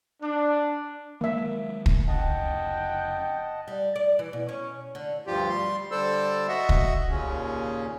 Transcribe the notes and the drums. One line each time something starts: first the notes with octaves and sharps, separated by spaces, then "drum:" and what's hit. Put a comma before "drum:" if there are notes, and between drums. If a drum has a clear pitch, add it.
D4
D#3 F#3 G#3 A#3 E5
drum: kick
F1 C#3 D#5 F#5 G5 A5
G3
D5
E3
B2
C#4
D3
D2 G2 F3 F4 G4
G3 C6
D3 G3 A4 C5 D5 E6
F#4 D#5 E5 F#5
drum: kick
D#2 A#2 C#3 C#4